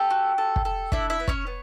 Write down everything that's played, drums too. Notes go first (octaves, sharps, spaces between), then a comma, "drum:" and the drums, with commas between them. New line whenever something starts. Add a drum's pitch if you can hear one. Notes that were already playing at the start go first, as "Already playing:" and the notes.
Already playing: G4 A4 G5
F#4
A4
drum: kick
A4
D4 E4 E5, drum: kick
E4 E5
B3
C#4 C#5, drum: kick
B3